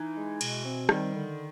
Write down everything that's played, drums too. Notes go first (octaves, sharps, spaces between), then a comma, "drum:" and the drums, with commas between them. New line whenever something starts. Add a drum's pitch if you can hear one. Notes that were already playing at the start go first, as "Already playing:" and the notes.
Already playing: E3 D#4
G#3
B2, drum: cymbal
C4
D#3 G3, drum: rim click
D3